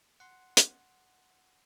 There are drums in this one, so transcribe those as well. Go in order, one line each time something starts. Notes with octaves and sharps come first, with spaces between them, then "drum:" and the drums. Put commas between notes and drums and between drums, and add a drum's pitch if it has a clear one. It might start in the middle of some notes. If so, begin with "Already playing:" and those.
F#5 C6
drum: hi-hat